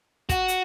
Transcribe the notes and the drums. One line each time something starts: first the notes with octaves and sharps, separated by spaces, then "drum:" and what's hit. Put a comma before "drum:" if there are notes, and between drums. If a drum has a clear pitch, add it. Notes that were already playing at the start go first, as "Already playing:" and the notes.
F#4, drum: kick, hi-hat
drum: hi-hat